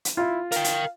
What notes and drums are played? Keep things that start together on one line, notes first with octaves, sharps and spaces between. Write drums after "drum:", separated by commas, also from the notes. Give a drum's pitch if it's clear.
drum: hi-hat
E4 F4
A#4 F5 G5, drum: hi-hat
drum: hi-hat